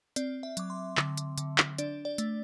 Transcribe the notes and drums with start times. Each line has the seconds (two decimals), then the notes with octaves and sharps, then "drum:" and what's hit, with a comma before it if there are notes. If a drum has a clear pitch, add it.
0.16 C4 D5, drum: hi-hat
0.43 E5
0.57 F#3 D6, drum: hi-hat
0.70 C6
0.97 D3, drum: clap
1.18 drum: hi-hat
1.38 D3, drum: hi-hat
1.58 drum: clap
1.78 D4 D5, drum: hi-hat
2.05 D5
2.18 A3, drum: hi-hat